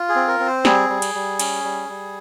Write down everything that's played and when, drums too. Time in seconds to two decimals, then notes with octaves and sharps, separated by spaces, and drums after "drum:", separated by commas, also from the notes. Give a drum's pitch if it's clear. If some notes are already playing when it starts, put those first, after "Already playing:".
Already playing: F4
0.09 G#4
0.15 C4
0.28 A#4
0.40 C4
0.46 C5
0.65 G3 G#4, drum: snare
0.89 G3
1.02 drum: cymbal
1.15 G3
1.39 C#4, drum: cymbal
1.64 G3
1.89 G3